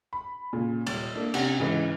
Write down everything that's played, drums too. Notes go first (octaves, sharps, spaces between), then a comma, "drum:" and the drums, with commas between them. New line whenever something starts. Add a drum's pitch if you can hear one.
B5
A#2 C#3
D#1 A6, drum: cymbal
A#3 D4
C3 C#4 D4 F#5, drum: cymbal
G#2 C#3 E3 B4 D#5